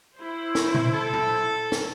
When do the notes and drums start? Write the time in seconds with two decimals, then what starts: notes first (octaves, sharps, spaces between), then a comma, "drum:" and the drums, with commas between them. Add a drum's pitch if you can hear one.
0.16 E4 C5
0.55 drum: snare
0.74 drum: tom A#2
0.94 A4
1.13 drum: tom A#2
1.72 drum: snare